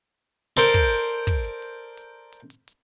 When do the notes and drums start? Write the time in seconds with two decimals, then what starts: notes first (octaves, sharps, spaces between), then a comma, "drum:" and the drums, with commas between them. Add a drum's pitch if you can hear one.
0.57 A4 A#4 C5 D5, drum: hi-hat
0.74 drum: kick, hi-hat
1.09 drum: hi-hat
1.27 drum: kick, hi-hat
1.45 drum: hi-hat
1.62 drum: hi-hat
1.97 drum: hi-hat
2.33 drum: hi-hat
2.50 drum: hi-hat
2.68 drum: hi-hat